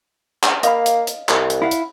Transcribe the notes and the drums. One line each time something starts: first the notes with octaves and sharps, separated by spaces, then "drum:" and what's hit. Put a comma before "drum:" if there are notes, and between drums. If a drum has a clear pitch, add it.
drum: clap
A#3 D#5 F5 B5, drum: hi-hat
drum: hi-hat
drum: hi-hat
C2, drum: clap
drum: hi-hat
E4 F5 F#5
drum: hi-hat